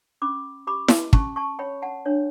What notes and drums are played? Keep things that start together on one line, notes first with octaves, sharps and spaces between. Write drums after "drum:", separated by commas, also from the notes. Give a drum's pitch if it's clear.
C#4 B5 D6
G4 B5 D6
drum: snare E4
C#4 A5 C#6, drum: kick
A5 C#6
C#5 G5 B5
F#5 A5
D4 C#5